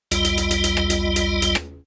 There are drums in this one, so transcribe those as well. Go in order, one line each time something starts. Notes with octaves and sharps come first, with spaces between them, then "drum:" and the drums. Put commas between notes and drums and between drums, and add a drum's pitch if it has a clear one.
B1 E2 G3 F4 D#5, drum: hi-hat
drum: hi-hat
drum: hi-hat
drum: hi-hat
drum: hi-hat
drum: rim click
drum: hi-hat
drum: hi-hat
drum: hi-hat
drum: rim click